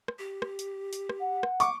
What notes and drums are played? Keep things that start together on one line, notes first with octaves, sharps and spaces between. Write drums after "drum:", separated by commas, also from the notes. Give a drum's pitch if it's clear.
drum: rim click
G4
drum: rim click
drum: hi-hat
drum: hi-hat
drum: rim click
F#5
drum: rim click
C#6 D6, drum: hi-hat